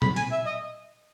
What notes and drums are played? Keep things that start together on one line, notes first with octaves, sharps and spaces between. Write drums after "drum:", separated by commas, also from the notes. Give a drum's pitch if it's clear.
B5, drum: tom
G#5, drum: hi-hat
E5
D#5